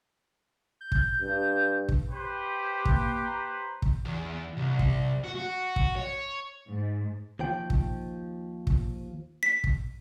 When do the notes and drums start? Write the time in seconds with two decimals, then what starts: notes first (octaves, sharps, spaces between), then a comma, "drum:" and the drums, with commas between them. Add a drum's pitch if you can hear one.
0.81 G6
0.92 drum: kick
1.21 G2
1.89 drum: kick
2.10 G4 B4 C5
2.85 A#3, drum: kick
3.25 A#5
3.82 drum: kick
4.05 E2
4.57 C2
4.79 drum: kick
5.24 F#4
5.35 F#4
5.76 drum: kick
5.96 C#5
6.68 G#2
7.39 D#2 F3 G5
7.70 drum: kick
8.67 drum: kick
9.43 B6
9.64 drum: kick